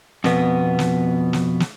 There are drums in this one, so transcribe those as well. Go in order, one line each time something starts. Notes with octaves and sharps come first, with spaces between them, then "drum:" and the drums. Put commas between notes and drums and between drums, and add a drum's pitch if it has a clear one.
F2 B2 B3, drum: snare
drum: snare
drum: snare
drum: snare